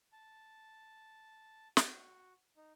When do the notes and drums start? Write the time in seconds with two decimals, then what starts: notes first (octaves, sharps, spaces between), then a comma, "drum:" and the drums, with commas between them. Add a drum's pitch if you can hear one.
0.12 A5
1.77 F#4, drum: snare
2.56 D#4